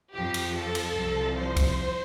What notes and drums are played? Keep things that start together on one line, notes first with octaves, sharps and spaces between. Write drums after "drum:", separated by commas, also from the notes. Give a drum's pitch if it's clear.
F2 F3 G4
drum: cymbal
A4
drum: cymbal
C2 C3 F3
C5
drum: kick C2, cymbal